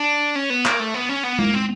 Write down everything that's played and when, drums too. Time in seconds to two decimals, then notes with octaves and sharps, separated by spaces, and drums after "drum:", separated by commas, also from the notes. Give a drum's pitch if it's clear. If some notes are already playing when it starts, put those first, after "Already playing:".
Already playing: D4
0.36 C#4
0.50 B3
0.65 A#3, drum: clap
0.80 A3
0.94 B3
1.09 C#4
1.24 B3
1.39 A#3, drum: tom G#3
1.54 C4